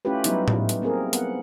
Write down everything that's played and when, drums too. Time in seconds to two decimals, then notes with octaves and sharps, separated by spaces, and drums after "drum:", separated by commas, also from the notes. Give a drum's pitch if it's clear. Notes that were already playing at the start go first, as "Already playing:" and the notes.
0.05 A3 C#4 E4 F4 G4 B4
0.24 F#3 G3 B3 D#4 E4, drum: hi-hat
0.48 drum: tom A2
0.69 drum: hi-hat
0.82 A#3 C4 G#4 A#4
1.13 B3 F#5, drum: hi-hat